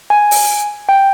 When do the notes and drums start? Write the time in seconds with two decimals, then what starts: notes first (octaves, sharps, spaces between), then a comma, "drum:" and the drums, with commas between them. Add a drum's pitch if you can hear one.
0.10 G#5
0.31 drum: open hi-hat
0.89 G5